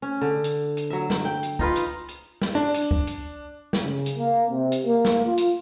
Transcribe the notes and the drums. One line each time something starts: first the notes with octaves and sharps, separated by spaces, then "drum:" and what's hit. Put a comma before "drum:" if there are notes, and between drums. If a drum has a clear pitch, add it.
C#4
D3
drum: hi-hat
drum: hi-hat
F#3 E5
drum: snare
G5
drum: hi-hat
D#4 F4 B4, drum: kick
drum: hi-hat
drum: hi-hat
drum: snare
D4
drum: hi-hat
drum: kick
drum: hi-hat
drum: snare
C#3
drum: hi-hat
A#3
C3
drum: hi-hat
A#3
drum: snare
F4
drum: hi-hat